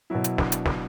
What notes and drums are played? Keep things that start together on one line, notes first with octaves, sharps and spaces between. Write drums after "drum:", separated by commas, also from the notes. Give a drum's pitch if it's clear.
B2 F#3 E4
drum: hi-hat
D4, drum: snare
drum: hi-hat
drum: snare